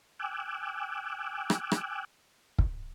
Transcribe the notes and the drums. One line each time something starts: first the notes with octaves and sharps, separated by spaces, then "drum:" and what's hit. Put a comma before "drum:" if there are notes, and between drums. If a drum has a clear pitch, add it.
G5 G#5 D6 E6 F#6
drum: rim click
drum: rim click
drum: kick